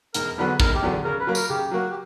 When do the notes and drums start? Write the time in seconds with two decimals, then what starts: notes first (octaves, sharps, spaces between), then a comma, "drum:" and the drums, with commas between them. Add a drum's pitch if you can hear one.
0.14 E1 A#4, drum: hi-hat
0.37 E2 D3 F#3 B3 B4
0.60 E1 A#4, drum: kick
0.75 G4
0.82 E2 D3 F#3 B3
1.04 C#3 A#4
1.20 B4
1.27 F#3 A#3
1.35 A#4, drum: tambourine
1.50 C#3 G4
1.71 F#3 A#3 F#4
1.90 G4